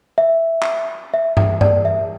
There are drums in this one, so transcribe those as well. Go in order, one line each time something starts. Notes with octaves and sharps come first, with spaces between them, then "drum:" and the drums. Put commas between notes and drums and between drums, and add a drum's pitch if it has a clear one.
E5
drum: clap
E5
E5, drum: tom G2
D5, drum: tom G2
E5